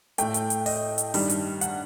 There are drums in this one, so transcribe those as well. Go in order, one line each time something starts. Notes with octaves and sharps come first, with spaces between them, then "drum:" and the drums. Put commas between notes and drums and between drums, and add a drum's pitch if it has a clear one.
A2 A3 G5, drum: hi-hat
drum: hi-hat
drum: hi-hat
D#5, drum: open hi-hat
drum: hi-hat
G2 D#3 G3, drum: open hi-hat
drum: hi-hat
F#5, drum: hi-hat